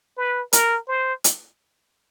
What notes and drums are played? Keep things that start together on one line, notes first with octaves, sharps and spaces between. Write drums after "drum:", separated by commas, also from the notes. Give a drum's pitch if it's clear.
B4
A#4, drum: hi-hat
C5
drum: hi-hat